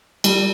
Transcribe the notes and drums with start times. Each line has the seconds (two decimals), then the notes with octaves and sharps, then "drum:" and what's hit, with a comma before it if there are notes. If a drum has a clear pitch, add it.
0.24 G3, drum: cymbal